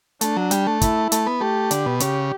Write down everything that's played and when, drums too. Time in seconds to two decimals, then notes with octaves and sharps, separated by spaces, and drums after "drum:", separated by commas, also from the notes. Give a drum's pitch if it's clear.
0.21 A3 D4, drum: hi-hat
0.37 F#3
0.51 G3, drum: hi-hat
0.67 A3
0.81 E4, drum: kick, hi-hat
1.12 A3, drum: hi-hat
1.27 B3
1.41 A3 G4
1.71 D3, drum: hi-hat
1.86 B2
2.00 C#3 G4, drum: hi-hat